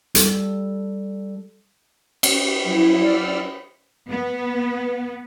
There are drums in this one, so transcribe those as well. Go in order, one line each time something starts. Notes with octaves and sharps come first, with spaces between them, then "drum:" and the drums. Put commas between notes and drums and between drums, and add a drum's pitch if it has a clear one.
G3 A4, drum: hi-hat
drum: cymbal
F#3 E4
D5 E6 F6
B3